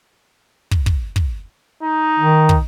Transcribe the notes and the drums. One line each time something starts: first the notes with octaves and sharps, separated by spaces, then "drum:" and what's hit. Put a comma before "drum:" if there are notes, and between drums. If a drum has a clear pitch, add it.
drum: kick
drum: kick
drum: kick
D#4
D#3
drum: kick